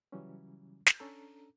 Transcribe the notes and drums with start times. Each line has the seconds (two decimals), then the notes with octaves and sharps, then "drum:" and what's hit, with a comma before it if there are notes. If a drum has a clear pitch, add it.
0.12 C#3 E3 F#3 G3 C#4
0.86 drum: snare
1.00 C#4 D4 A4 A#5